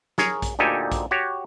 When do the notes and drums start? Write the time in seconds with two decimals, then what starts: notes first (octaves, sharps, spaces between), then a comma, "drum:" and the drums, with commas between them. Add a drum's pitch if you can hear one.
0.18 G#4 A#4 C#5, drum: snare
0.42 drum: kick, hi-hat
0.59 D2 A#2 D#4 G4 A4 G#5
0.92 drum: kick, hi-hat
1.11 F#4 G4 C#5